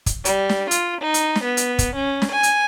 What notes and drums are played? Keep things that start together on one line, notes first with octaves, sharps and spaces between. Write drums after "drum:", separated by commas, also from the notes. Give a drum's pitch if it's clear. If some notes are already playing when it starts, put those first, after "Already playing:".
drum: kick, hi-hat
G3, drum: hi-hat
drum: snare
F4, drum: hi-hat
D#4
drum: hi-hat
drum: snare
B3
drum: hi-hat
drum: kick, hi-hat
C#4
drum: snare
G#5
drum: hi-hat